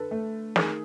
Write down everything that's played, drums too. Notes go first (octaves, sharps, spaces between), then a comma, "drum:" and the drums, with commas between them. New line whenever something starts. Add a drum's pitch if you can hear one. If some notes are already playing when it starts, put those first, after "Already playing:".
Already playing: D3 A4 B4
A3
D#3 G#4 A#4, drum: snare